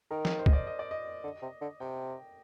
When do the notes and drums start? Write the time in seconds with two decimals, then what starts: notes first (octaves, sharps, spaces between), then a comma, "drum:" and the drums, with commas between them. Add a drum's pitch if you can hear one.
0.11 D#3 A#4
0.25 A#4, drum: snare
0.39 C5
0.46 D#5, drum: kick
0.53 D5
0.67 D#5
0.79 D5
0.91 D#5
1.24 D3
1.42 C3
1.61 D3
1.80 C3 G5